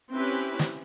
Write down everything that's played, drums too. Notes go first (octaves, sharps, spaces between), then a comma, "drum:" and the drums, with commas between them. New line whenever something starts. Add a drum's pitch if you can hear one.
C4 C#4 E4 G4 B4
drum: snare